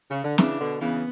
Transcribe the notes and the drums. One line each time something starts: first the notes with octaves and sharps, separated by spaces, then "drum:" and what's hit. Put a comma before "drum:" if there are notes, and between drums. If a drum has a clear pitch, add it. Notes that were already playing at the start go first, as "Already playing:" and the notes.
C#3
D3
C#3 E3 D4, drum: snare
B2 D3
C#3 E3 B3